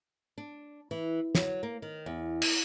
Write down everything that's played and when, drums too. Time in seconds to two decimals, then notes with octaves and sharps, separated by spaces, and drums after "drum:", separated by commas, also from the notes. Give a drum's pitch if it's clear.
0.38 D4
0.91 E3
1.35 F#3, drum: snare
1.63 A#3
1.82 D#3
2.06 E2
2.42 drum: cymbal